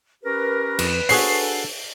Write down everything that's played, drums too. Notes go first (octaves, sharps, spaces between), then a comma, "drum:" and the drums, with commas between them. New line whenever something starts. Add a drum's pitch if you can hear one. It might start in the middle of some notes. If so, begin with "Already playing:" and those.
C#4 G4 A#4 B4
F2, drum: cymbal
D4 F#4 G#4 A4 C#5 C7, drum: open hi-hat